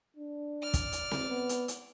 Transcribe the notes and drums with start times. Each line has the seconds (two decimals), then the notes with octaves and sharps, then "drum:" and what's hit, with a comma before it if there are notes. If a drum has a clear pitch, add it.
0.17 D4
0.63 D5 F6
0.74 drum: kick, hi-hat
0.92 drum: hi-hat
1.11 drum: snare C4
1.30 B3
1.49 drum: hi-hat
1.68 drum: hi-hat